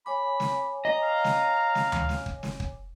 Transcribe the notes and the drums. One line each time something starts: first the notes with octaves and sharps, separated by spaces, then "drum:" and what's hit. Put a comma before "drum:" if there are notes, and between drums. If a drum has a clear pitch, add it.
C#5 G#5 B5 D6
drum: snare
D#5 A#5
F5
drum: snare
drum: snare
drum: tom D2
drum: snare
drum: kick
drum: snare
drum: kick